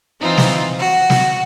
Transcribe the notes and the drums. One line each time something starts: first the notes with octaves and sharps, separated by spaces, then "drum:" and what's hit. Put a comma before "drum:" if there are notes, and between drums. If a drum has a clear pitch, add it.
E3 C4 D#4 F4
drum: snare
F#4
drum: snare